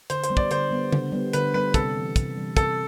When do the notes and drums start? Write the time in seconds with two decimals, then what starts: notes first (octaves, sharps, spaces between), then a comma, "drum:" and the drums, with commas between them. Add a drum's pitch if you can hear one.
0.10 D3 C5, drum: hi-hat
0.24 C5, drum: hi-hat
0.30 G3 B3
0.37 D5, drum: kick
0.51 D3 C5, drum: hi-hat
0.71 G3 B3
0.93 D3, drum: tom C#3
1.12 G3 B3
1.33 D3 B4, drum: hi-hat
1.54 G3 B3 B4
1.74 C3 A4, drum: kick, hi-hat
1.95 E3 G3
2.16 C3, drum: kick, hi-hat
2.37 E3 G3
2.57 C3 A4, drum: kick, hi-hat